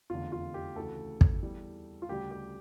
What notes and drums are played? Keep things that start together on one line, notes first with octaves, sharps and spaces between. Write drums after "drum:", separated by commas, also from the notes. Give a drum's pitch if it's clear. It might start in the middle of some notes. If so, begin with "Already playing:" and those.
F1 E2 D3 F4
F4
G4
D2 C#3 E3 A4
drum: kick
E2 E3 G3
F4
D2 C#3 G3 G4
G4